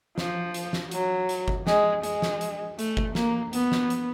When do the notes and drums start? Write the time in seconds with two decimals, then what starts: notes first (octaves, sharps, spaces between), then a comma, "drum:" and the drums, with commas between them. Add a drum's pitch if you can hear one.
0.18 F3, drum: snare
0.54 drum: hi-hat
0.73 drum: snare
0.91 F#3, drum: hi-hat
1.29 drum: hi-hat
1.48 drum: kick G1
1.67 G#3, drum: snare
2.03 G#3, drum: hi-hat
2.22 drum: snare
2.41 drum: hi-hat
2.79 A3, drum: hi-hat
2.97 drum: kick G1
3.15 A#3, drum: snare
3.53 B3, drum: hi-hat
3.72 drum: snare
3.90 drum: hi-hat